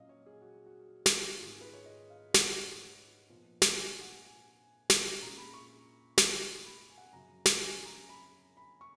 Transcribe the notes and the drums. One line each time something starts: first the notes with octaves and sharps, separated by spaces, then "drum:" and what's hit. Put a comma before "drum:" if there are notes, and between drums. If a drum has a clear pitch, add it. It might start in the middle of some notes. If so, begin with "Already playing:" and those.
Already playing: A#2 F#3 C#4 D#5 F5
C#5
G#4
F#4
F#4
drum: snare
G#2 D#3 G#3 B3 F4
G#4
B4
C#5
D#5
F5
F#5, drum: snare
A#2 F3 B3
drum: snare
G#5
F#5
G#5
drum: snare
A#2 G#3 C#4 A#5
B5
C#6
drum: snare
B5
G#5
F#5
G#5
F#2 C#3 F#3 A#5
drum: snare
G#5
A#5
B5
B5
C#6